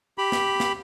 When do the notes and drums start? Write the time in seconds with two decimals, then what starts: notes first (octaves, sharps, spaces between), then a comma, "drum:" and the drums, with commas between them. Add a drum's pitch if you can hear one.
0.18 G4 B5
0.32 drum: snare
0.60 drum: snare